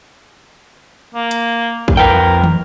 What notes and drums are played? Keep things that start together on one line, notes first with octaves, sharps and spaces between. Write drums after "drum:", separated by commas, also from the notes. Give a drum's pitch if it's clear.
A#3
drum: hi-hat
drum: kick A#1
F2 A#4 B4 G5
drum: tom